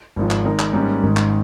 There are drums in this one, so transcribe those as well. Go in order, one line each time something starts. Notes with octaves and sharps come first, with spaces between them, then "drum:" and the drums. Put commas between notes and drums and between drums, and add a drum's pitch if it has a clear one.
G#1 G#2 F3
drum: clap
D#3 G#3 D#4 A#4
drum: clap
G#2 G3 A#3 C#4
G#1 G#2 D#3 G#3
drum: clap